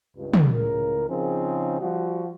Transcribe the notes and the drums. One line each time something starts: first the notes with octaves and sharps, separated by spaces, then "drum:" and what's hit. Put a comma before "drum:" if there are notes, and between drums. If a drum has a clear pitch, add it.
C#2 G2
drum: tom
C#2 A2 C#3 A#4
C#3 F3 C4 D#4 G#4
F3 G3 F#4